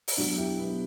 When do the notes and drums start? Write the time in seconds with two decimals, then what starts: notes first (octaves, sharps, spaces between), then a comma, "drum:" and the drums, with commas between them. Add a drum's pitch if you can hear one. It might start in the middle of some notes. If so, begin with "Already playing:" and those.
0.08 drum: open hi-hat
0.17 B2 F#3 D4 F#4
0.38 E4 G4
0.59 B3